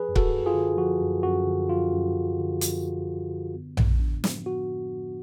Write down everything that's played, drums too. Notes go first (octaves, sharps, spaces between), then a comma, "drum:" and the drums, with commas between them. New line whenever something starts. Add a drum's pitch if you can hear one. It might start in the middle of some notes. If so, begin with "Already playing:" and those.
Already playing: F3 G#4 B4
F#2
F#4 A4, drum: kick C#1
F#2
F4 G#4
D3
F3 F#4
F#2
F#2 F#4
D3
F3 F4
F#2
F#2
D3
F3, drum: hi-hat
F#2
F#2
D3
B3
A2, drum: tom A#1
D4
F3, drum: snare
B3 F#4